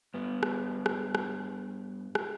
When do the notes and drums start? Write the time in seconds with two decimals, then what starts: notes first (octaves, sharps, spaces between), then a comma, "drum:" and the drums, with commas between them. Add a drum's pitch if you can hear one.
0.14 G2 B3
0.43 drum: rim click
0.86 drum: rim click
1.15 drum: rim click
2.15 drum: rim click